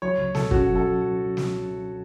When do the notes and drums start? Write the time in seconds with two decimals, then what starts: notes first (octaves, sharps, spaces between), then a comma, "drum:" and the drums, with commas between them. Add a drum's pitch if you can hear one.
0.02 F#3 C#5
0.18 C#2
0.35 B2 A4, drum: snare
0.51 C#4 F#4, drum: kick
0.67 F#3
0.75 A4
1.37 drum: snare